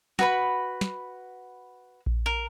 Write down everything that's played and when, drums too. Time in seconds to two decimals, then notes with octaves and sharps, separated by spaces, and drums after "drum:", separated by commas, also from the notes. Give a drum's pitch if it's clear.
0.19 F#4 B4 B5, drum: snare
0.81 drum: snare
2.06 drum: kick A#1
2.26 A#4